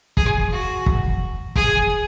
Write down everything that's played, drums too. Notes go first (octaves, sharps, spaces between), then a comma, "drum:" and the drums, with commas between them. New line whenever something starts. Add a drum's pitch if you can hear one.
G#4, drum: kick
F#4
drum: kick
G#4, drum: kick